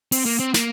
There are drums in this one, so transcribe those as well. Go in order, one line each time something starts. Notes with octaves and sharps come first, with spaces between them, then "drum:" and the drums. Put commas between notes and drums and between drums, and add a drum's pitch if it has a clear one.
C4, drum: open hi-hat
A#3
C4
A#3, drum: snare